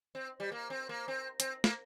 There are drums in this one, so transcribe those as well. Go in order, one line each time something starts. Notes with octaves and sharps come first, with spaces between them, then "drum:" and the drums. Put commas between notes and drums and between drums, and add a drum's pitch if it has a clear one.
C4
G3
A#3
C4
A#3
C4
C4, drum: hi-hat
A#3, drum: snare